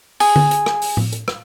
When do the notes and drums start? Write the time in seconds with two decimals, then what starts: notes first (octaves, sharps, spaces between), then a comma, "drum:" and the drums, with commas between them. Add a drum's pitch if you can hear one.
0.20 G#4, drum: open hi-hat
0.36 drum: tom D3
0.51 drum: hi-hat
0.66 drum: rim click
0.82 drum: open hi-hat
0.97 drum: tom A2
1.12 drum: hi-hat
1.28 drum: rim click